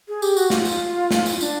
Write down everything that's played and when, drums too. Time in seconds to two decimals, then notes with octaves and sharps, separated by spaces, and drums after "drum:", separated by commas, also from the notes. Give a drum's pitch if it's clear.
0.08 G#4
0.22 G4, drum: tambourine
0.37 F#4, drum: tambourine
0.50 F4, drum: snare
0.65 drum: tambourine
1.11 drum: snare
1.26 drum: tambourine
1.41 D4, drum: tambourine